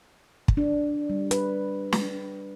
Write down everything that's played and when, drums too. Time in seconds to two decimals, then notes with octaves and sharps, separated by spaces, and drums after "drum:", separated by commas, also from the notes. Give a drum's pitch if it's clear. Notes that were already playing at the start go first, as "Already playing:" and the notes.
0.48 drum: kick
0.57 D4
1.10 G3
1.31 B4, drum: hi-hat
1.92 drum: snare